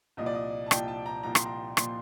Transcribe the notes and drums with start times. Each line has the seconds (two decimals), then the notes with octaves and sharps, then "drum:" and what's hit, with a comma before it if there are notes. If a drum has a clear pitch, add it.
0.17 C2 A#2 F3 D#5
0.26 D5
0.35 D#5
0.66 A5
0.71 C2 A#2 F3 G5, drum: rim click
0.88 A5
1.06 A#5
1.23 C2 A#2 F3 A#5
1.35 C6, drum: rim click
1.45 A#5
1.77 A#2 F3 C6, drum: rim click